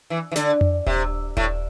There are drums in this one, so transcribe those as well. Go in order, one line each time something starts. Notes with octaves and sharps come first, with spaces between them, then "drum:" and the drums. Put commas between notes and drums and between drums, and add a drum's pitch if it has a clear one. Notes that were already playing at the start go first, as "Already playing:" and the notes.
E3
E3
D3, drum: snare
drum: tom F2
C3, drum: kick D#1
A2, drum: kick D#1